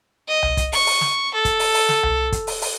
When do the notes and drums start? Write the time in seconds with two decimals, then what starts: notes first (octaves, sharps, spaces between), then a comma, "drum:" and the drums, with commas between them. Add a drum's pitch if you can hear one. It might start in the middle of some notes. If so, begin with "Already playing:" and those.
0.28 D#5
0.43 drum: tom C2
0.57 drum: kick, hi-hat
0.72 C#6, drum: open hi-hat
0.86 drum: open hi-hat
1.01 drum: snare
1.34 A4
1.45 drum: kick, hi-hat
1.59 drum: open hi-hat
1.74 drum: open hi-hat
1.89 drum: snare
2.03 drum: tom C2
2.32 drum: kick, hi-hat
2.47 drum: open hi-hat
2.62 drum: open hi-hat